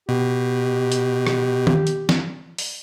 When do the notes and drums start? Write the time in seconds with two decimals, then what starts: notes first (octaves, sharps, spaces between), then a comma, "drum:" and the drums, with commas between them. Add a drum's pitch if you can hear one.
0.09 B2 G4
0.92 drum: hi-hat
1.27 drum: rim click
1.67 drum: tom
1.87 drum: hi-hat
2.09 drum: snare
2.58 drum: open hi-hat